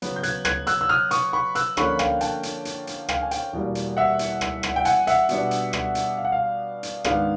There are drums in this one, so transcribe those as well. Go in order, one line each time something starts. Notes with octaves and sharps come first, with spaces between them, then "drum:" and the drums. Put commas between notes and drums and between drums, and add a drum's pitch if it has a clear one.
C#3 F#3 B3, drum: hi-hat
G6
F#6 G#6, drum: hi-hat
F#6 G#6, drum: rim click
E6 F#6, drum: hi-hat
E6
D#6 F6
C#6 D#6, drum: hi-hat
B5 C#6
E6 F#6, drum: hi-hat
D3 F3 A#3 C#4 F4 B5 C#6, drum: rim click
F5 G5, drum: rim click
G5 A5, drum: hi-hat
drum: hi-hat
drum: hi-hat
drum: hi-hat
F5 G5, drum: rim click
G#5
F5 G5, drum: hi-hat
E2 B2 G3 A#3
drum: hi-hat
E5 F#5
drum: hi-hat
drum: rim click
drum: rim click
G5
F#5 G#5, drum: hi-hat
E5 F#5, drum: hi-hat
B2 G3 B3 D4, drum: hi-hat
drum: hi-hat
drum: rim click
drum: hi-hat
F5
F#5
F5
drum: hi-hat
G#2 D#3 G#3 B3 D4 F5, drum: rim click